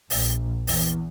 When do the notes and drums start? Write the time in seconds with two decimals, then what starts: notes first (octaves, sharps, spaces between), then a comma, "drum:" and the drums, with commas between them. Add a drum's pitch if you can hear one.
0.10 A#1, drum: open hi-hat
0.67 E2, drum: open hi-hat